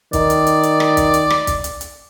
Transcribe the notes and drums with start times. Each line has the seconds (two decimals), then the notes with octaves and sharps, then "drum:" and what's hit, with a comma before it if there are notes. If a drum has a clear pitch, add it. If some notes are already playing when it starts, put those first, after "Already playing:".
0.13 D#3 D5, drum: kick, hi-hat
0.30 drum: hi-hat
0.47 drum: hi-hat
0.63 drum: hi-hat
0.80 drum: rim click
0.97 drum: kick, hi-hat
1.14 drum: hi-hat
1.30 drum: rim click
1.47 drum: kick, hi-hat
1.64 drum: hi-hat
1.81 drum: hi-hat